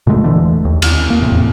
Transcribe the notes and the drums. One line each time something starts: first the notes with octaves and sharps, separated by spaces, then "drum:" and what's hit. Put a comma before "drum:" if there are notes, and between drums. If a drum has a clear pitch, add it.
A#2 D3 G#3 A3
E1 D3 E3 A3
D#2
D#2, drum: cymbal
A#3
E1 F2 A2 C3